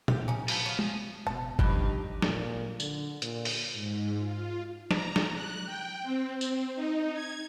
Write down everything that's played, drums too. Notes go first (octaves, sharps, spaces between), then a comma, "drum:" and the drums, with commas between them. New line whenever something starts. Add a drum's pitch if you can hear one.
G4, drum: tom A#2
C#4 D#4
F3 B3 A4, drum: open hi-hat
C#5 F5
F3 G#4, drum: tom G#3
F#1 B2 A5
C#2 G2 F3 D#4 G4, drum: kick G1
A#2, drum: snare
D3, drum: tambourine
A#2, drum: hi-hat
drum: open hi-hat
G#2
F4
A#5, drum: snare
drum: snare
F#6
G5
C4
C4, drum: tambourine
D#4
G#6